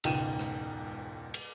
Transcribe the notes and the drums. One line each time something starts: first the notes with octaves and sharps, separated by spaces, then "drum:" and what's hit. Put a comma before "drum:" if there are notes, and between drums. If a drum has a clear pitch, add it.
E1 C#2 G#2 G5 D#7 E7, drum: cymbal
drum: rim click
drum: cymbal